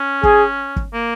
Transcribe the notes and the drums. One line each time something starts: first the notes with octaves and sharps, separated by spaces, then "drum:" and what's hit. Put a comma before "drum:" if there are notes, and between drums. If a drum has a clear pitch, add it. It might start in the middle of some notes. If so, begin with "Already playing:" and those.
Already playing: C#4
G#4, drum: kick
drum: kick
A#3